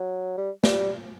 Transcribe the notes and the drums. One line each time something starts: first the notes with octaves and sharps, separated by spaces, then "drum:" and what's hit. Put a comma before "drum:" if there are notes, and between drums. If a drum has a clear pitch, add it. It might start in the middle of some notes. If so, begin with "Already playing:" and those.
Already playing: F#3
G3
G3, drum: snare